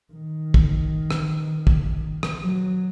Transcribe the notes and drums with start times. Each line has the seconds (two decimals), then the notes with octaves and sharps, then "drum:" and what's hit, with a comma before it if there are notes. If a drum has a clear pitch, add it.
0.13 D#3
0.54 drum: kick
1.11 drum: rim click
1.67 drum: kick
2.23 drum: rim click
2.42 F#3